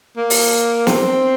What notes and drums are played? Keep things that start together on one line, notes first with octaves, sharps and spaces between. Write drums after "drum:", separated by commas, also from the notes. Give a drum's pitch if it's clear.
A#3
drum: open hi-hat
C4, drum: snare